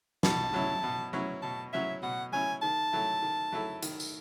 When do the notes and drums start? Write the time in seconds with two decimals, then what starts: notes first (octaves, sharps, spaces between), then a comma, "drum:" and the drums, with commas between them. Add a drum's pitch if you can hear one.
0.23 B2 A5, drum: snare
0.53 F#3 C#4 E4
0.83 B2
1.13 F#3 C#4 E4
1.42 B2 A5
1.73 F#3 C#4 E4 E5
2.03 B2 F#5
2.32 F#3 C#4 E4 G#5
2.62 D#3 A5
2.93 F#3 A3 E4
3.22 D#3
3.52 F#3 A3 E4
3.83 D#3, drum: hi-hat
4.00 drum: tambourine